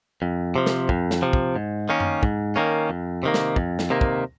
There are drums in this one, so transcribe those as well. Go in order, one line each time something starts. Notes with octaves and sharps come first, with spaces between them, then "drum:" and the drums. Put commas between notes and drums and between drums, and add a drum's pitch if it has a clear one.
F2
C3 F3
drum: snare
F2, drum: kick
drum: snare
C3 F3
drum: kick
G#2
D#3 A#3 C#4
drum: tom F#2
G#2, drum: kick
D#3 A#3 C#4
F2
C3 D#3 A#3
drum: snare
F2, drum: kick
drum: snare
C3 D#3 A#3
drum: kick